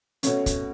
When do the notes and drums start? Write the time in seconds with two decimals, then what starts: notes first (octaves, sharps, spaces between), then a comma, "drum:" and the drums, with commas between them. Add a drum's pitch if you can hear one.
0.23 B2 A3 C#4 C#5, drum: hi-hat
0.46 drum: kick, hi-hat